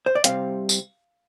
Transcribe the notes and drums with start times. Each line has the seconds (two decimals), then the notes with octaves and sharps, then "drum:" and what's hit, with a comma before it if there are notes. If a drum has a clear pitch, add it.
0.06 C5
0.15 D5
0.24 C2 C3 G3 C4 F5, drum: hi-hat
0.69 drum: tambourine